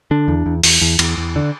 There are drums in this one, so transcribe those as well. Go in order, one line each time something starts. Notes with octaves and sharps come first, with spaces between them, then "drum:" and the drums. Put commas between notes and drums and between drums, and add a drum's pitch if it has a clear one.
D3 D4
E2
E2
E2, drum: open hi-hat
E2
E2, drum: cymbal
E2
D3